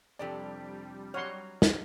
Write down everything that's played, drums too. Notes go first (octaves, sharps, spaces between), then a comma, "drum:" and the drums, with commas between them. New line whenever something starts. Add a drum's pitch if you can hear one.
F2 C3 G3 D4 G4 A4 D5
F#3 C#5 D#5 F#5 C6 F6
drum: snare